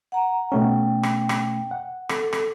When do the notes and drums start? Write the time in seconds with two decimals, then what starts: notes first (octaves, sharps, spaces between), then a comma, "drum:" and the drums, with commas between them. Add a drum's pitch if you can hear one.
0.12 F#5 A#5
0.52 B2 A3 C#4 G5
1.03 drum: rim click
1.29 drum: rim click
1.71 F#5
2.09 A4, drum: rim click
2.33 drum: rim click